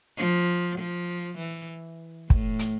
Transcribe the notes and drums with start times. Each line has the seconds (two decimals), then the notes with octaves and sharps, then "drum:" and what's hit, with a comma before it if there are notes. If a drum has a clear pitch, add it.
0.17 F3
0.79 F3
1.38 E3
2.30 A2, drum: kick
2.59 drum: hi-hat